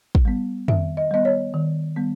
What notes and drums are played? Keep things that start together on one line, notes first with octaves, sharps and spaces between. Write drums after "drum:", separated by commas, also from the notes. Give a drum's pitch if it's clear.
drum: kick
G3 B3
D#3 E5, drum: tom
D#5
G3 B3 D#5
C#5
D#3
G3 B3